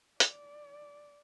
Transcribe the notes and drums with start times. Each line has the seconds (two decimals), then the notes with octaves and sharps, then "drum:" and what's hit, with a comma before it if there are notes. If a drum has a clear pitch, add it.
0.20 D5, drum: hi-hat